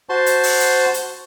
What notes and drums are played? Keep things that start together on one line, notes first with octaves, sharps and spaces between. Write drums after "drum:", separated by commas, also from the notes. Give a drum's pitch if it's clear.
F#4 C5 A5 C6
drum: hi-hat
drum: open hi-hat
drum: hi-hat
drum: hi-hat